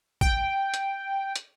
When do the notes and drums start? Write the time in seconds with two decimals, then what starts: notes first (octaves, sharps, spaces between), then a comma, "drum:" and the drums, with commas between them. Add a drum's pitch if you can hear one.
0.21 G5, drum: kick A1
0.74 drum: hi-hat
1.36 drum: hi-hat